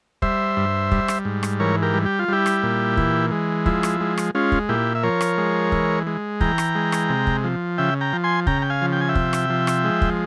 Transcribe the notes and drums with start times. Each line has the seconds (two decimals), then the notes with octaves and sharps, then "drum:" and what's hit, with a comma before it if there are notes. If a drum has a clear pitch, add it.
0.22 G3 C5 E5, drum: kick
0.57 G2
0.91 G3, drum: kick
1.08 drum: rim click
1.25 G#2
1.43 drum: rim click
1.60 E3 A#4 C#5
1.82 G4 A#4
1.94 G3
2.06 G4
2.19 F4
2.28 G3 E4 G4
2.46 drum: rim click
2.63 A#2
2.97 E3, drum: kick
3.32 G#3
3.66 F3 E4, drum: kick
3.83 drum: rim click
4.00 G#3
4.18 drum: rim click
4.35 G#3 C#4 F4
4.52 drum: kick
4.69 A#2 E4 G4
4.95 E5
5.03 F3 A#4 C#5
5.21 drum: rim click
5.38 G#3
5.72 E3, drum: kick
6.07 G#3
6.41 E3 G5 A#5, drum: kick
6.58 drum: rim click
6.75 G#3
6.92 drum: rim click
7.10 C3
7.27 drum: kick
7.44 F3
7.78 C#3 E5 G5
8.01 G5 A#5
8.13 F3
8.24 G#5 C6
8.47 C#3 G5 A#5, drum: kick
8.62 G5
8.70 F5 G#5
8.82 F3
8.92 G5
9.01 G#5
9.09 E5 G5
9.15 C3, drum: kick
9.33 drum: rim click
9.50 F3
9.67 drum: rim click
9.84 G#3
10.02 drum: kick